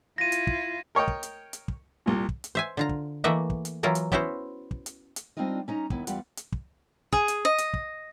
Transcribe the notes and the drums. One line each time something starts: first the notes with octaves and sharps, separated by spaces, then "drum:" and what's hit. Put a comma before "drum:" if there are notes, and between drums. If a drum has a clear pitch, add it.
E4 F4 A#6 D#7
drum: hi-hat
drum: kick
A#4 C#5 D#5 G5
drum: kick
drum: hi-hat
drum: hi-hat
drum: kick
C2 A#2
drum: kick
drum: hi-hat
C5 E5 G#5
D3 F4 A#5
drum: kick
E3 A3 A#3 D#5 E5 F#5
drum: kick
drum: hi-hat
E3 F#3 E4 F4 A#4 A#5
drum: hi-hat
B3 C#4 E4 F#4 B4 C5, drum: kick
drum: kick
drum: hi-hat
drum: hi-hat
G3 C4 D4 D#4 F4 D#5
C#4 D#4 A#5
D#2 B3 E4, drum: kick
E2 G3 F4 G4 B4 F#5, drum: hi-hat
drum: hi-hat
drum: kick
G#4, drum: kick
drum: hi-hat
D#5
drum: hi-hat
drum: kick